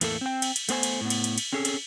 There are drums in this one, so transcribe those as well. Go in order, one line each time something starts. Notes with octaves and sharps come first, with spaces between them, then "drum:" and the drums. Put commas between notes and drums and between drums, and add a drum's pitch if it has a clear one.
E2 A2 A3 A#3 A4, drum: cymbal
C4 G5
drum: cymbal
drum: cymbal
A3 B3 C5 G#5, drum: cymbal
drum: cymbal
A2 B3
drum: cymbal
drum: cymbal
drum: cymbal
C4 C#4 G#4 A4
drum: cymbal